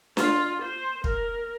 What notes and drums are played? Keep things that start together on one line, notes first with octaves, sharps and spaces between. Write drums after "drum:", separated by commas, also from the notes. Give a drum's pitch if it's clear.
F4, drum: snare D4
C5
A#4, drum: kick